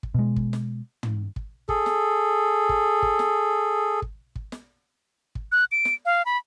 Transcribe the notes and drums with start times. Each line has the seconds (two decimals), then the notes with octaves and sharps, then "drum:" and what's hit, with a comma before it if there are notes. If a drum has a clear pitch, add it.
0.03 drum: kick
0.14 B2 G#3
0.36 drum: kick
0.53 drum: snare
1.03 drum: tom
1.36 drum: kick
1.69 G#4 A4, drum: kick
1.86 drum: snare
2.69 drum: kick
3.02 drum: kick
3.19 drum: snare
4.02 drum: kick
4.36 drum: kick
4.52 drum: snare
5.35 drum: kick
5.52 F#6
5.72 D7
5.85 drum: snare
6.06 F5
6.26 B5